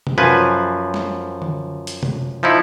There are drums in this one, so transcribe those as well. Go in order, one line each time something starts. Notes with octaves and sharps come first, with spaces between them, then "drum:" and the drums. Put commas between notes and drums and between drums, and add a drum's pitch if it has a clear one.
drum: tom C3
F#2 F3 B4 G#5
drum: snare
drum: tom D3
drum: hi-hat
drum: tom C3
F3 D#4 E4